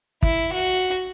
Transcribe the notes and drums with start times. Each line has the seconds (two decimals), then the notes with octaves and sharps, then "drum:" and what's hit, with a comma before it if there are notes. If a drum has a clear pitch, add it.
0.23 E4, drum: kick
0.52 F#4